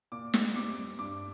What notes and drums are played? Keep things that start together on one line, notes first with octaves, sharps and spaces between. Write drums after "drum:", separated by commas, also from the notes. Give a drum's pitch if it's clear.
A#2 D6
drum: snare
G3 C4 D6
G2 D6